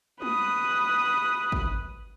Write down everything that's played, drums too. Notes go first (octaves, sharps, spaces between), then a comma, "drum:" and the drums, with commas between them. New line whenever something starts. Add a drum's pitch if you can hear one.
B4 D#6, drum: tom
drum: kick